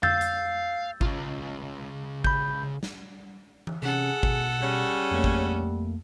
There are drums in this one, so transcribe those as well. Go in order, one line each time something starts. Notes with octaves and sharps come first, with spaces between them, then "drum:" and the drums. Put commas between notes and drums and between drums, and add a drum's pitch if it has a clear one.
F5 E6 G6 A6, drum: tom F2
drum: hi-hat
C#3 F4, drum: kick G#1
B5 G6, drum: kick G#1
drum: snare
drum: tom E3
C3 C#4 G#4 A4 F#5
B2, drum: kick G#1
C#3 G3 C#4
F2 A3 A#3
drum: kick G#1